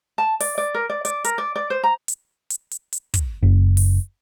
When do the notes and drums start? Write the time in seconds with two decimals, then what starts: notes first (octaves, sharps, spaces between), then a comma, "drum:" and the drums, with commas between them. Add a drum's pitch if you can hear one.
0.18 A5
0.40 D5, drum: open hi-hat
0.58 D5
0.74 A#4
0.90 D5
1.05 D5, drum: hi-hat
1.24 A#4, drum: hi-hat
1.38 D5
1.56 D5
1.70 C5
1.83 A#5
2.08 drum: hi-hat
2.50 drum: hi-hat
2.71 drum: hi-hat
2.93 drum: hi-hat
3.14 drum: kick, hi-hat
3.43 F#1
3.77 drum: open hi-hat